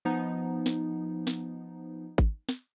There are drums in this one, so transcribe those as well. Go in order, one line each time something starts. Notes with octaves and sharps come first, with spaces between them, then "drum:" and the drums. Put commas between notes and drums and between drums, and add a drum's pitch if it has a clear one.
F3 B3 D#4
drum: snare
drum: snare
drum: kick G#1
drum: snare